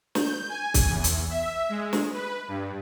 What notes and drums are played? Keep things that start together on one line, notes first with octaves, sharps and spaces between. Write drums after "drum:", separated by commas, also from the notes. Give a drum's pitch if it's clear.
G6, drum: snare
G#5
drum: kick, hi-hat
E2
drum: hi-hat
E5
G#3
drum: snare
B4
G2